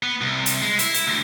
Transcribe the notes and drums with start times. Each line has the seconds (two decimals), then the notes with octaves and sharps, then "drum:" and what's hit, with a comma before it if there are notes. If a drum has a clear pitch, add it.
0.03 B3
0.21 C2
0.46 drum: hi-hat
0.62 G#3
0.79 E4, drum: hi-hat
0.94 drum: hi-hat
1.08 D2